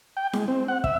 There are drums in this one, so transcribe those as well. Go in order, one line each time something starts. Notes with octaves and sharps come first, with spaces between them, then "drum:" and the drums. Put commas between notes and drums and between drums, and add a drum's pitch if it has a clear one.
G5
G#3, drum: snare E4
C4
F#5
E5, drum: kick